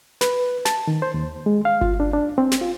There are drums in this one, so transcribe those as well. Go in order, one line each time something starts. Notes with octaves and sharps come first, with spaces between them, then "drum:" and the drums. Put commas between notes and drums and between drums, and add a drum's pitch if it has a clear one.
B4, drum: snare
A5, drum: snare
D#3
C5
D#2
G#3
F5
F4, drum: kick G1
D4
D4
C4
drum: snare
F4